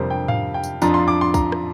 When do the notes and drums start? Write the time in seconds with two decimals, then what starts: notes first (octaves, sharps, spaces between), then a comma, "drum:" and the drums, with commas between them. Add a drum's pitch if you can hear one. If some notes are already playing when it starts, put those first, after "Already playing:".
Already playing: F2 C3 G3 A#4 C5
0.10 G5
0.28 F5, drum: tom G#2
0.54 G5
0.63 drum: tambourine
0.82 F2 F3 D4 F4 A#5, drum: tambourine
0.94 C6
1.08 D6
1.21 C6
1.34 A#5, drum: kick, tambourine
1.52 drum: rim click